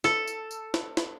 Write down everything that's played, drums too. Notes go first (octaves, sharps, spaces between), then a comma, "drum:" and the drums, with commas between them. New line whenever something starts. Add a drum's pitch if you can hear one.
A4, drum: snare
drum: tambourine
drum: tambourine
drum: snare
drum: snare